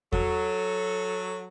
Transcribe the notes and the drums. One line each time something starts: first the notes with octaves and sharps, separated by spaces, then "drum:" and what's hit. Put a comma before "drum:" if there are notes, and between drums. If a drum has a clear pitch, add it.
F#3 A4, drum: kick E2